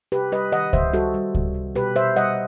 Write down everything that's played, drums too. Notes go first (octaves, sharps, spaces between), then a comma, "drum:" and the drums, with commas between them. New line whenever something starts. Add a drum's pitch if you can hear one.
C3 G4 B4
G3 B4 D#5
D#3 D#5 F#5
D#3 C5 E5, drum: kick C#2
G3 F#4 A4
G3
C3, drum: kick C#2
C3
B2 G4 B4
B2 C5 E5
G3 D#5 F#5